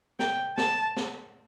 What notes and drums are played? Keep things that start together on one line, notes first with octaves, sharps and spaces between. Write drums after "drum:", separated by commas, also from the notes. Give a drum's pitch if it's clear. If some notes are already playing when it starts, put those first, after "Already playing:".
G5, drum: snare
A5, drum: snare
drum: snare